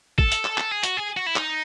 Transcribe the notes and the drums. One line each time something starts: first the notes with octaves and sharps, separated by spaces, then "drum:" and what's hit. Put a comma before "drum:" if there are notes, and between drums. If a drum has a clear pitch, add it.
A4, drum: kick
drum: hi-hat
drum: clap
A4, drum: clap
G#4
F#4, drum: hi-hat
G#4
F#4
E4
D#4, drum: clap